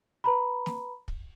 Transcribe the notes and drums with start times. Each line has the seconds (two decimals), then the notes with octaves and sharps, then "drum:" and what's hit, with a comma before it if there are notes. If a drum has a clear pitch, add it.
0.24 B4 A#5 B5
0.66 drum: snare
1.08 drum: kick